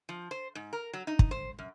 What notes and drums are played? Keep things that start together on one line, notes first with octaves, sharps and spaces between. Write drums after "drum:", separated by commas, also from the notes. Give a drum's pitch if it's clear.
F3
C5
G#2
A#4
F#3
D#4
drum: kick
C5
F#2